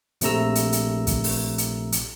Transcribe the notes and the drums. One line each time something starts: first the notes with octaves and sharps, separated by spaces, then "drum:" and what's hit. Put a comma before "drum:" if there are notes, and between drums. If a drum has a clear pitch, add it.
A#1 C3 A3 A#5 E6, drum: hi-hat
drum: hi-hat
drum: hi-hat
drum: kick, hi-hat
drum: open hi-hat
drum: hi-hat
drum: hi-hat